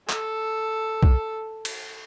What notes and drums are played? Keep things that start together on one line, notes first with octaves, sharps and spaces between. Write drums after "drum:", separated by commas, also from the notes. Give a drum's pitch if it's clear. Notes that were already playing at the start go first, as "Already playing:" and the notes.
A4, drum: clap
drum: kick
drum: cymbal